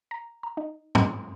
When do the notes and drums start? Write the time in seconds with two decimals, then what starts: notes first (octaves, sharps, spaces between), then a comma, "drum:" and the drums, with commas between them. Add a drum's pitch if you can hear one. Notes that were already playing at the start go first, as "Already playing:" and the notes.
0.11 A#5
0.43 A#5
0.57 D#4
0.95 G5, drum: tom